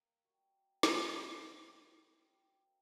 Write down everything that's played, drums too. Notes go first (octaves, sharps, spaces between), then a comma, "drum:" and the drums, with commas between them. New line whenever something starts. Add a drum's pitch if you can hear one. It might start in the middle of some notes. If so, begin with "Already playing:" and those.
Already playing: G3 A#3
G3 A#3 F#4
drum: snare
F#3 C4 G4 C5
F#3 C4 G4 C5
A#3 D4 A4